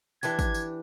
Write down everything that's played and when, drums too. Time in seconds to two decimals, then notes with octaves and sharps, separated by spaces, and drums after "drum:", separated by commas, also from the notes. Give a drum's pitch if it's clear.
0.23 E3 D4 G4 G#6, drum: tambourine
0.39 drum: kick, tambourine
0.54 drum: tambourine